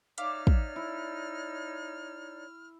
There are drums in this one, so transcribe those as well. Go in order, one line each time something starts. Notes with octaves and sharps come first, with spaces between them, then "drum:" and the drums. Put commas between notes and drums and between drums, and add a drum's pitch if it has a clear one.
D#4 C#5 D5 E5 F5 D6 F6, drum: hi-hat
drum: kick
E4